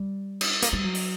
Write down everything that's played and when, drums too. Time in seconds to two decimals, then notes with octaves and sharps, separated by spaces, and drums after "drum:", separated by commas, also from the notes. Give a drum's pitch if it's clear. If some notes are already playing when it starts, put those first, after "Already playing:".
Already playing: G3
0.41 drum: cymbal
0.62 A#3, drum: hi-hat
0.73 G3
0.84 F#3
0.95 drum: open hi-hat